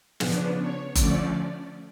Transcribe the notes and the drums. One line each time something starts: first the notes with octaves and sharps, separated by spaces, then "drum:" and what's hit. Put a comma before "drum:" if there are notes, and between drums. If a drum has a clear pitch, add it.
C#3 F3 B3 D4, drum: snare
C#5
D3 F3 A3 C#4 D5, drum: kick F#1, hi-hat